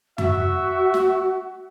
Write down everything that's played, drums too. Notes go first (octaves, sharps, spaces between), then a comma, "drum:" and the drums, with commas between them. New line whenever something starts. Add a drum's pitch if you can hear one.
F#4 E5, drum: tom F2
drum: snare